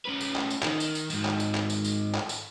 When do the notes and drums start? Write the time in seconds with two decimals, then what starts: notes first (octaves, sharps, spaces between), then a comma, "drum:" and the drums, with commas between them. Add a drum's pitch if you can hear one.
0.05 C#4 B4
0.21 drum: tambourine
0.35 drum: clap
0.50 drum: tambourine
0.63 D#3, drum: clap
0.80 drum: tambourine
0.95 drum: tambourine
1.10 G#2 D#3, drum: tambourine
1.25 drum: clap
1.40 drum: tambourine
1.55 drum: clap
1.70 drum: tambourine
1.85 drum: tambourine
2.14 drum: clap
2.29 drum: tambourine